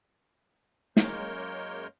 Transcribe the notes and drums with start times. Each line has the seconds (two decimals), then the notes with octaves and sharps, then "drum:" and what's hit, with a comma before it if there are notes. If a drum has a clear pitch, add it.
0.97 F#2 G#3 A#3 A#4 C#5 G6, drum: snare